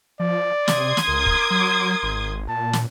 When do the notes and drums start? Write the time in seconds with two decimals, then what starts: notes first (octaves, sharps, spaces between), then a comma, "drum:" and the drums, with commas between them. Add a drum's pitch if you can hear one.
0.20 F3 D5
0.68 C3 C6 D#6 G#6, drum: snare
0.97 drum: snare
1.08 C#2 A#4
1.26 drum: kick
1.50 F#3
2.03 G#1
2.49 A#2 A5
2.73 drum: snare